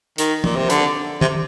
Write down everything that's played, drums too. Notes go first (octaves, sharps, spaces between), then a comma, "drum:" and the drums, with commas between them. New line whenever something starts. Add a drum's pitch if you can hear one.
D#3, drum: hi-hat
A#2, drum: tom
C3
D3, drum: hi-hat
C3, drum: tom